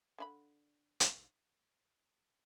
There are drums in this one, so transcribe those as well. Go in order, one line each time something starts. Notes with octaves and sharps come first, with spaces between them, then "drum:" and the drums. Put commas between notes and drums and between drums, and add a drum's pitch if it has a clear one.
D3 E4 B5
drum: hi-hat